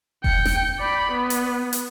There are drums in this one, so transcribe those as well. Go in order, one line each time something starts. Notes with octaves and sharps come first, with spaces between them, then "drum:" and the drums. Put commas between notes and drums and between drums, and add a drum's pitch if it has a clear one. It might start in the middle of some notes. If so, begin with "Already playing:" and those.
G5 C#7, drum: kick F1
drum: snare
D5 B5
B3
drum: hi-hat
drum: hi-hat